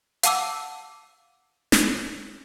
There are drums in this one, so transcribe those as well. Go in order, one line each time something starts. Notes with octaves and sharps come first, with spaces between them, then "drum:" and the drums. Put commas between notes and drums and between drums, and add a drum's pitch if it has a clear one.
F5 F#5 A5 D6 E6, drum: hi-hat
drum: snare